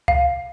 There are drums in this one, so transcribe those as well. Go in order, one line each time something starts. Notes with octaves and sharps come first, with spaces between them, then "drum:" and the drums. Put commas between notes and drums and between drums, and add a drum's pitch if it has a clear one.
F5, drum: kick C2